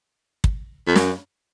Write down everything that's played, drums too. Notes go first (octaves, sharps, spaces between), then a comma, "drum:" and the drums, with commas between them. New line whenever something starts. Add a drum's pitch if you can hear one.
drum: kick
F2
F#2, drum: snare